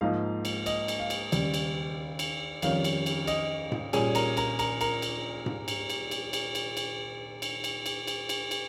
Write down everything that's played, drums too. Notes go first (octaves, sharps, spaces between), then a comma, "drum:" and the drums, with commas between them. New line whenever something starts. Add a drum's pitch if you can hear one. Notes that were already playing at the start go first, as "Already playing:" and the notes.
G#2 F3 A#3 D#4 F5
drum: cymbal
D#5, drum: cymbal
drum: cymbal
F5
drum: cymbal
D#2 C#3 G3, drum: cymbal
drum: cymbal
drum: cymbal
F2 D#3 G3 C#4 F5, drum: cymbal
drum: cymbal
drum: cymbal
D#5, drum: cymbal
drum: tom G#2
A#2 G3 C#4 G#4 G#5, drum: cymbal
A#4 A#5, drum: cymbal
A#4 A#5, drum: cymbal
A#4 A#5, drum: cymbal
A#4 A#5, drum: cymbal
drum: cymbal
drum: tom G#2
drum: cymbal
drum: cymbal
drum: cymbal
drum: cymbal
drum: cymbal
drum: cymbal
drum: cymbal
drum: cymbal
drum: cymbal
drum: cymbal
drum: cymbal
drum: cymbal